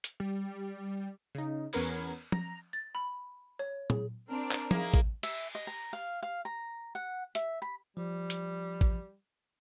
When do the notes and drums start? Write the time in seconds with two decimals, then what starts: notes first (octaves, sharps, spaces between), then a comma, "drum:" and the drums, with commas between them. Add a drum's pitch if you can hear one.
0.04 drum: hi-hat
0.20 G3
1.35 C#3 D#4
1.73 E2 B3 C#4 A#4 B4 G#6, drum: cymbal
2.32 A#5, drum: tom
2.73 A6
2.95 B5
3.59 C#5
3.90 G#4, drum: tom A#2
4.29 C4 D4 A#4
4.51 drum: clap
4.71 D#3 A#3 E4 G#4, drum: tom
4.94 drum: kick A1
5.23 E5, drum: cymbal
5.55 D#5
5.67 A#5
5.93 F5
6.23 F5
6.45 A#5
6.95 F#5
7.35 E5, drum: hi-hat
7.62 B5
7.97 F3 G3
8.30 drum: hi-hat
8.81 drum: kick A1